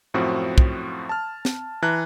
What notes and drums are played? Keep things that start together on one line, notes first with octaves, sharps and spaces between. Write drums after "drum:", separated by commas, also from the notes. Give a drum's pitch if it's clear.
F#2 A2 F3 C4 F#4
drum: kick
A5 F6
drum: snare
E3 A5 A#5 F#6